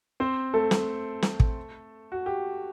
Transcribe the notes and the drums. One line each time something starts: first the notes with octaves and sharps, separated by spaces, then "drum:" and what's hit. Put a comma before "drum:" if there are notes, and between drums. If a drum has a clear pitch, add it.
C4 C5
A3 A4
drum: snare
drum: snare
drum: kick
F#4
G4